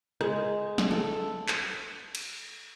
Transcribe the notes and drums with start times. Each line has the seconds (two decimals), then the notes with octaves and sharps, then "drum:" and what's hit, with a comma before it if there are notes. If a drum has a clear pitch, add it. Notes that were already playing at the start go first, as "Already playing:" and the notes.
0.21 G#3, drum: rim click
0.78 drum: snare
0.91 A4
1.48 drum: clap
2.15 drum: cymbal